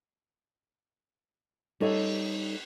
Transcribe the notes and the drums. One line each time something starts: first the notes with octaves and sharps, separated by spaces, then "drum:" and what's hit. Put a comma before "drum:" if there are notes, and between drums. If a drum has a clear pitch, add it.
G3 D#4 A4 C#5 D#5 E5, drum: cymbal